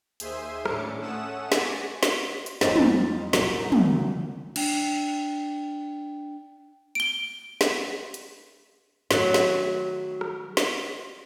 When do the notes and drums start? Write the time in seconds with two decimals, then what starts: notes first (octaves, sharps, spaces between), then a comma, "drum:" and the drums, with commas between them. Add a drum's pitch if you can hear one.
0.20 D#2 G#4 C5 E5 C6 D#7, drum: hi-hat
0.66 A2 C#4 D4 D6 C#7, drum: rim click
1.00 A3 C#4 A4 F#5 D#6 E7
1.52 G#5 C#6 D6 A6 A#6, drum: snare
2.03 drum: snare
2.46 drum: hi-hat
2.61 F2 F3 C4 C#4 D#4 F4 C5 A6, drum: snare
2.76 drum: tom
3.33 C2 A#2 F#3 F#7, drum: snare
3.72 drum: tom
4.56 D4 G5, drum: cymbal
6.95 D7 G7
7.61 drum: snare
8.14 drum: hi-hat
9.11 D#3 F#3 A3, drum: snare
9.34 drum: snare
10.21 drum: rim click
10.57 drum: snare